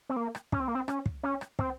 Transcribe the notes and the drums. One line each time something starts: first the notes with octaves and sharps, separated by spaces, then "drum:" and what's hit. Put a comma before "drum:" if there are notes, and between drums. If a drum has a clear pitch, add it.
C4
A#3
drum: rim click
C#4, drum: kick
C4
A#3
C4
C#4, drum: rim click
drum: kick
C#4
drum: rim click
C4, drum: kick